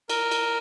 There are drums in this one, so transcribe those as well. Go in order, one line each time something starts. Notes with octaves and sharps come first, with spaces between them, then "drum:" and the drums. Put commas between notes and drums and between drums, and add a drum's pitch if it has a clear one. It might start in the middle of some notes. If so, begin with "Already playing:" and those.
A#4, drum: cymbal
drum: cymbal